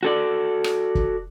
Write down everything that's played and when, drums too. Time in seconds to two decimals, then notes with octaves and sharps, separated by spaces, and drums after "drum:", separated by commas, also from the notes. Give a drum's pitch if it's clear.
0.03 F#4 A4 D5
0.64 drum: rim click
0.95 drum: kick